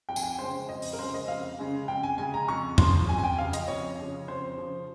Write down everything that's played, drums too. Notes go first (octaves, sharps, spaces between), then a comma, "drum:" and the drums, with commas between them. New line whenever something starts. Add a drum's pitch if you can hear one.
F2 G5
G#5, drum: tambourine
G5
C#3 G#3 C#4 C5
F2 D#5
drum: open hi-hat
A#4
C#3 G#3 C#4 C5
D#5
F2 F5
C#3 G#3 C#4
F2 G5
G#5
C#3 G#3 C#4 G#5
A#5
F2 C#6
C#3 F3 C6, drum: tom E2
F2 G#5
G#5
G5
C#3 F3 F5
D#5, drum: hi-hat
F2 C#5
C#3 F3
F2 C5
C#3 F3